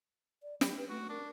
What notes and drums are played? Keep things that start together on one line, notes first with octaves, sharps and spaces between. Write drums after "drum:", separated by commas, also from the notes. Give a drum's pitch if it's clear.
D5
F#3, drum: snare
B4
A3 F#4
D4 A#4